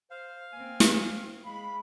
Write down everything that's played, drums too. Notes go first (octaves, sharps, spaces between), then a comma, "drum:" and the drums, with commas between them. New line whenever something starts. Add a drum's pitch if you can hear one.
C5 F5
A#3 C4 G#5
drum: snare
G#3 F5 B5